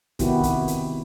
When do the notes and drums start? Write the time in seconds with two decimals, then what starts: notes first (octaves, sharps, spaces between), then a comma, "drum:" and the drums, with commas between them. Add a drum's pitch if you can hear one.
0.19 C3 D#3 B3 E4 F#4 G4, drum: kick, hi-hat
0.43 drum: kick, hi-hat
0.68 drum: hi-hat